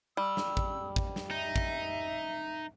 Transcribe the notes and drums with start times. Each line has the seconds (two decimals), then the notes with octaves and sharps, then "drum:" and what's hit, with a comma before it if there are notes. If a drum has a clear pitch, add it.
0.17 G3 E6
0.37 drum: snare
0.57 drum: kick
0.96 drum: kick
1.16 drum: snare
1.31 D#4 E5
1.56 drum: kick